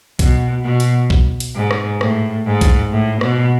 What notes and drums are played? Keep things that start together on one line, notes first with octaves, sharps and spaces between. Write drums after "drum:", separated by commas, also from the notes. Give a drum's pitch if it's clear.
B2, drum: kick B1, hi-hat
B2
drum: hi-hat
drum: kick B1
drum: hi-hat
G#2
drum: rim click
A2, drum: rim click
G#2
drum: kick B1, hi-hat
A2
B2, drum: rim click